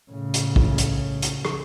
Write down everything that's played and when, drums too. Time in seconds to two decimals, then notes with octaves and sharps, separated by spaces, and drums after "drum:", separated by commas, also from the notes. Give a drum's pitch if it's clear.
0.12 A2 C#3
0.34 drum: hi-hat
0.56 drum: kick
0.78 drum: hi-hat
1.22 drum: hi-hat
1.45 drum: rim click